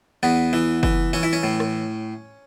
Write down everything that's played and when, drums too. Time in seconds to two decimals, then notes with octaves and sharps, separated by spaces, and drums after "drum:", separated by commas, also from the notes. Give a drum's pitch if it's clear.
0.23 E2 B3
0.53 E3
0.83 E3, drum: kick
1.13 E3 C#4
1.23 E4
1.33 C#4
1.43 A2
1.60 drum: rim click